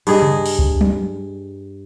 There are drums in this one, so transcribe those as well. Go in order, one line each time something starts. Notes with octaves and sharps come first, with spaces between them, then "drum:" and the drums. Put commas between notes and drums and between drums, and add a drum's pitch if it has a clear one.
G2 G#4 D#5, drum: cymbal
drum: tom C#3
drum: open hi-hat
drum: kick C#2
drum: tom F#3